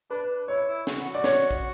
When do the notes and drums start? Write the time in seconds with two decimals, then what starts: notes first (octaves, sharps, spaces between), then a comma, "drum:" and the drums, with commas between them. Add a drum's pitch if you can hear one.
0.10 D4 B4
0.48 E4 C#5
0.68 E4
0.87 F#4, drum: snare
1.06 F#4
1.15 D5
1.24 C#5, drum: snare
1.50 drum: kick A#1